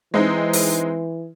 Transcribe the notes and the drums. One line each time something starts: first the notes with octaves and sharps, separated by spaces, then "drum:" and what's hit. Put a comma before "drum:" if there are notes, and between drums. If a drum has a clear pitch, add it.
E3 G#3 C4 D#4
drum: open hi-hat